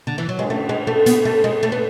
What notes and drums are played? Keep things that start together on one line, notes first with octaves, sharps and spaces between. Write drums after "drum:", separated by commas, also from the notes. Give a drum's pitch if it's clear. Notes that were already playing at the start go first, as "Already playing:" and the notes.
D3
E3
F#3
G#3, drum: cymbal
A3
G#3
A3
B3, drum: hi-hat
A3
G#3
A3
B3